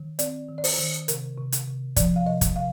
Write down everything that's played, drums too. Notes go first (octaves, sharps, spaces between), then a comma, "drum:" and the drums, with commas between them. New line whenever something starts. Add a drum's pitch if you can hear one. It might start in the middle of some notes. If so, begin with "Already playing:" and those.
Already playing: D#3
C4 D5, drum: hi-hat
D#3
D5
C5, drum: open hi-hat
D#3
C3 A#4, drum: hi-hat
C3
drum: hi-hat
C3
F3 D5, drum: kick, hi-hat
F5
C3 D#5
drum: kick, hi-hat
C3 F5